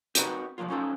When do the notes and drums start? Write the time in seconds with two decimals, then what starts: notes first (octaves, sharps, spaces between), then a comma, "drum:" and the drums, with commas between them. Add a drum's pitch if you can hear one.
0.15 C4 D#4 F#4 G4 A#4 B4, drum: hi-hat
0.58 B1 F3 F#3 A#3 F4
0.70 C#4 D#4 F4 A4 A#4 C5